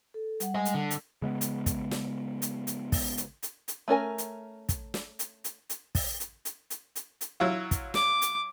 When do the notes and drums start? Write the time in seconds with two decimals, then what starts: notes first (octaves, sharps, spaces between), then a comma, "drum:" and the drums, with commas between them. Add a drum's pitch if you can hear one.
0.14 A4
0.40 G3 F#5, drum: hi-hat
0.55 D#5 G#5
0.65 drum: hi-hat
0.75 D3
0.91 drum: hi-hat
1.22 C#3 G#3 A#3 B3
1.41 drum: hi-hat
1.66 drum: kick, hi-hat
1.91 drum: snare
2.42 drum: hi-hat
2.67 drum: hi-hat
2.92 drum: kick, open hi-hat
3.17 drum: hi-hat
3.43 drum: hi-hat
3.68 drum: hi-hat
3.88 A3 C#4 A#4 G#5
4.18 drum: hi-hat
4.69 drum: kick, hi-hat
4.94 drum: snare
5.19 drum: hi-hat
5.44 drum: hi-hat
5.70 drum: hi-hat
5.95 drum: kick, open hi-hat
6.20 drum: hi-hat
6.45 drum: hi-hat
6.70 drum: hi-hat
6.96 drum: hi-hat
7.21 drum: hi-hat
7.40 F#3 E4 F4
7.71 drum: kick, hi-hat
7.94 D6, drum: snare
8.22 drum: hi-hat